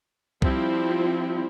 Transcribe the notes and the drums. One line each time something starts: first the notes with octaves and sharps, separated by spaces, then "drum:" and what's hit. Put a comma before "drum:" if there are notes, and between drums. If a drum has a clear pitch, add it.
F3 G3 C4 E4, drum: kick